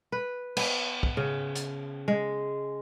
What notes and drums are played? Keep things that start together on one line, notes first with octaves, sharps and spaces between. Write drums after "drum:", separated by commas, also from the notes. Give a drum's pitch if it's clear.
B4
B3, drum: cymbal
drum: kick
C#3
drum: hi-hat
G#3